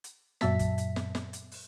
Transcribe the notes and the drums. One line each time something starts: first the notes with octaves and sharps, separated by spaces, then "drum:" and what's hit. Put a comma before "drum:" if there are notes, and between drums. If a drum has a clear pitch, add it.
drum: hi-hat
F#2 A#2 F#3 E5 A5 B6, drum: snare
drum: kick, hi-hat
drum: hi-hat
drum: snare
drum: snare
drum: hi-hat
drum: open hi-hat